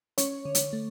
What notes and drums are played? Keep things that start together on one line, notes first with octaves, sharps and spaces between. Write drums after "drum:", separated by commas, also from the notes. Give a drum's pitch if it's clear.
C#4 C#5, drum: hi-hat
D3
drum: hi-hat
A3